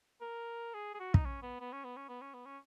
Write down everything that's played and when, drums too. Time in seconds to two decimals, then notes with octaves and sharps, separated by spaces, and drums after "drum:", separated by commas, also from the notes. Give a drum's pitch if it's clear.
0.21 A#4
0.74 G#4
0.94 G#4
1.00 F#4
1.14 D#4, drum: kick
1.26 C#4
1.43 B3
1.60 B3
1.72 C#4
1.84 B3
1.96 C#4
2.09 B3
2.21 C#4
2.34 B3
2.45 C#4